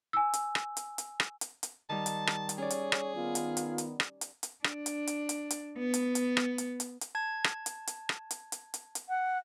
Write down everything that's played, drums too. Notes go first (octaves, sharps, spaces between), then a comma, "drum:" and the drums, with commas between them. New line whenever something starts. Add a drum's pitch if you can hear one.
G#5 E6
drum: hi-hat
drum: rim click
drum: hi-hat
drum: hi-hat
drum: rim click
drum: hi-hat
drum: hi-hat
D#3 G3 A5
drum: hi-hat
drum: rim click
drum: hi-hat
C#4 G#4 C#5 D5
drum: hi-hat
drum: rim click
D#3 B3 F4
drum: hi-hat
drum: hi-hat
drum: hi-hat
drum: rim click
drum: hi-hat
drum: hi-hat
D4, drum: rim click
drum: hi-hat
drum: hi-hat
drum: hi-hat
drum: hi-hat
B3
drum: hi-hat
drum: hi-hat
drum: rim click
drum: hi-hat
drum: hi-hat
drum: hi-hat
A5 G#6
drum: rim click
drum: hi-hat
drum: hi-hat
drum: rim click
drum: hi-hat
drum: hi-hat
drum: hi-hat
drum: hi-hat
F#5